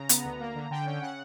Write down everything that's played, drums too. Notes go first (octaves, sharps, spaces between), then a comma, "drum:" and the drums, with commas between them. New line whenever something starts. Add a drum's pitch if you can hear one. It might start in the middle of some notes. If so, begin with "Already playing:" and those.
Already playing: C#3 A#5
B3, drum: hi-hat
D2
A#3
D3
D3 G5
C#4
C#3 F#5